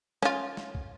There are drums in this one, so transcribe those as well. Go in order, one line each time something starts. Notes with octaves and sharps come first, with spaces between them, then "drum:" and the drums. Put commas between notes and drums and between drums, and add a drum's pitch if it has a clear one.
C#4 F4, drum: snare
drum: snare
drum: kick